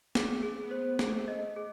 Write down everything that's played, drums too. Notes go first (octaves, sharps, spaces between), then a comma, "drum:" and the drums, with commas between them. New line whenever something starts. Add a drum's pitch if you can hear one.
A3 G#4, drum: snare
G#4
B3
C5
A3 G#4, drum: snare
D#5
G#4